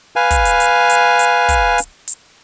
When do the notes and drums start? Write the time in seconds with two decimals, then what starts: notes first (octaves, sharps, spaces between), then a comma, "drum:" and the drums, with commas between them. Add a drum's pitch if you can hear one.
0.16 B4 F5 G#5
0.31 drum: kick, hi-hat
0.45 drum: hi-hat
0.60 drum: hi-hat
0.90 drum: hi-hat
1.19 drum: hi-hat
1.49 drum: kick, hi-hat
1.78 drum: hi-hat
2.08 drum: hi-hat